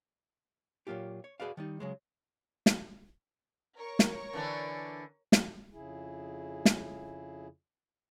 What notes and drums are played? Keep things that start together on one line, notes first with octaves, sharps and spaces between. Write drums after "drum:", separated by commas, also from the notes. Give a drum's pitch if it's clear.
A#2 F#3 A#3 F4 G4
C#5
F#4 G#4 B4 D5 F5
D#3 G3 D#4
C#3 F#3 G#3
drum: snare
A#4 C#5 C#6
drum: snare
D3 E3 D4
drum: snare
F2 C#3 E4 G#4
drum: snare